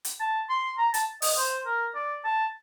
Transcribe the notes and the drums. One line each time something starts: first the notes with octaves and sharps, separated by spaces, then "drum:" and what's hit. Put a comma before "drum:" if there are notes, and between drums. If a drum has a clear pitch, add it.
drum: hi-hat
A5
C6
A#5
A5, drum: hi-hat
D#5, drum: open hi-hat
C5
A#4
D5
A5